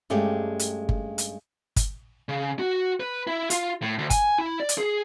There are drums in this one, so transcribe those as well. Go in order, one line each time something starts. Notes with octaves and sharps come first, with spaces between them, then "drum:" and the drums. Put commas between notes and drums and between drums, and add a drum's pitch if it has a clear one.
G2 G#3 A3 C#4 G4
drum: hi-hat
drum: kick G1
drum: hi-hat
drum: kick G1, hi-hat
C#3
F#4
B4
E4
F4, drum: hi-hat
A2
D2
G#5, drum: kick G1, hi-hat
E4
D5
drum: hi-hat
G#4